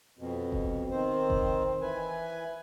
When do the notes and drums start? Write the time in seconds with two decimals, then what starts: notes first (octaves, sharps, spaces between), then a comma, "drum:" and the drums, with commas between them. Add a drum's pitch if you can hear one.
0.19 F2 B2
0.52 drum: kick F1
0.91 D#3 C4 C5
1.30 drum: kick F1
1.82 E3 B4 G#5